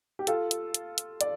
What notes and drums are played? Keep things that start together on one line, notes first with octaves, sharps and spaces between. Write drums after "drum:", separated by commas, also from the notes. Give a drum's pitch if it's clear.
G4
F4 A4, drum: hi-hat
drum: hi-hat
drum: hi-hat
drum: hi-hat
D5, drum: hi-hat